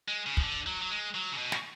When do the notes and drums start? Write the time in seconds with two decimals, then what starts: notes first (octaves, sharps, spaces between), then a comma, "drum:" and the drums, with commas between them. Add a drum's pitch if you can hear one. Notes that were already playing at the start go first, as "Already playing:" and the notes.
0.08 G#3
0.26 C#3
0.37 F3, drum: kick
0.43 D3
0.67 F#3
0.81 F#3
0.90 G#3
1.15 F#3
1.32 C#3
1.37 B2
1.52 drum: snare